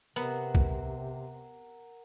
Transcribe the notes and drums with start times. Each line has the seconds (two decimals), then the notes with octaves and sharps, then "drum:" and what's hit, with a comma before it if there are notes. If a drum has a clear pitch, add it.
0.16 C3 B3 A#4 F#5 A#5
0.55 drum: kick